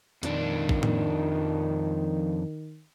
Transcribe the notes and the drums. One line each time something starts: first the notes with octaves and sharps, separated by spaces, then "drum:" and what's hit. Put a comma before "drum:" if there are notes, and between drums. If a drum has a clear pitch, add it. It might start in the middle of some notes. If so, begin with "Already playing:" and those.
F2 D#3 D4, drum: hi-hat
drum: kick
drum: tom A2